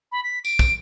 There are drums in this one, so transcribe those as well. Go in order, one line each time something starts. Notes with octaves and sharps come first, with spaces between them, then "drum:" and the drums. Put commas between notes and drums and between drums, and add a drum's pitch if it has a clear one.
B5
B6
D7, drum: tambourine
drum: kick, tambourine